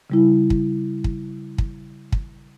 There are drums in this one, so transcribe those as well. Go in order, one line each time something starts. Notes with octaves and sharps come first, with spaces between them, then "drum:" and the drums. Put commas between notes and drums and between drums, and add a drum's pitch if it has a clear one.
C#3 G3 E4
drum: kick
drum: kick
drum: kick
drum: kick